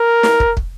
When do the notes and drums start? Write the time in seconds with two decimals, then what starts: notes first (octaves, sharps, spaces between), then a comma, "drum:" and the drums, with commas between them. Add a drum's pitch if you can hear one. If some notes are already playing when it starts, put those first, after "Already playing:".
Already playing: A#4
0.23 drum: snare
0.40 drum: kick
0.57 drum: kick